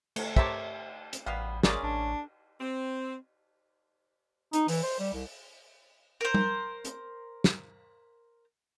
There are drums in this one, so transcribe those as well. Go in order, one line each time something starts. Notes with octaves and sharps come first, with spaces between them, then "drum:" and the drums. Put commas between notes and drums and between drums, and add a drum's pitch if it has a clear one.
A3, drum: cymbal
G4 A#4 C5 C#5 E5 A5, drum: kick
drum: hi-hat
A1 B2 G3 B3 F5
G#1 G#3 A#3 C#4 G#4 A#4 D5, drum: snare
A1 D4
C4
D#4, drum: hi-hat
E3, drum: open hi-hat
C5
G3
C2
A#4 C5
drum: tom G3
drum: hi-hat
drum: snare